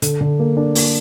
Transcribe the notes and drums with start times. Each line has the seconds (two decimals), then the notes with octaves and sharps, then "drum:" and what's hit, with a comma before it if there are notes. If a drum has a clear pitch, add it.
0.02 D3, drum: hi-hat
0.21 D3
0.39 A#3
0.57 D4
0.75 A#3, drum: open hi-hat